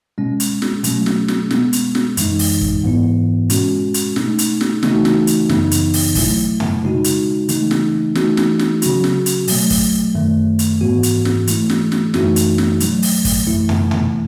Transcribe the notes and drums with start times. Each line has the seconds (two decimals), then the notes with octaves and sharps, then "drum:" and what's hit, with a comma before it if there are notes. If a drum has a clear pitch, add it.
0.18 B2 G#3 C#4
0.40 drum: hi-hat
0.62 drum: snare
0.84 B2 F#3 A3 C#4, drum: hi-hat
1.06 drum: snare
1.28 drum: snare
1.51 B2 G#3 B3, drum: snare
1.73 drum: hi-hat
1.95 drum: snare
2.17 F#2 E3 G#3 D#4, drum: hi-hat
2.39 drum: open hi-hat
2.61 drum: kick
2.84 G#2 E3 B3 E4
3.50 B2 G#3 C#4 F#4, drum: hi-hat
3.94 drum: hi-hat
4.16 B2 A3 D#4, drum: snare
4.39 drum: hi-hat
4.61 drum: snare
4.83 C#3 E3 A3 D#4 F#4, drum: snare
5.05 drum: snare
5.27 drum: hi-hat
5.49 F#2 C#3 E3 B3 D#4, drum: snare
5.71 drum: hi-hat
5.94 drum: open hi-hat
6.15 B2 F#3 A3 E4, drum: kick, open hi-hat
6.60 drum: tom
6.82 C#3 G#3 D#4 F#4
7.04 drum: hi-hat
7.49 C#3 E3 A3 D#4, drum: hi-hat
7.71 drum: snare
8.15 E3 A3 D#4 F#4, drum: snare
8.37 drum: snare
8.59 drum: snare
8.82 C#3 F#3 C#4 F#4, drum: hi-hat
9.04 drum: snare
9.26 drum: hi-hat
9.48 B2 F#3 A3, drum: open hi-hat
9.70 drum: kick, open hi-hat
10.15 F#2 D#3 A3
10.59 drum: hi-hat
10.81 G#2 E3 B3 F#4
11.03 drum: hi-hat
11.25 drum: snare
11.47 E3 A3 E4, drum: hi-hat
11.70 drum: snare
11.92 drum: snare
12.14 F#2 E3 A3 D#4 F#4, drum: snare
12.36 drum: hi-hat
12.58 drum: snare
12.80 B2 F#3 A3, drum: hi-hat
13.03 drum: open hi-hat
13.25 drum: kick, open hi-hat
13.47 F#2 E3 A3 E4
13.69 drum: tom
13.91 drum: tom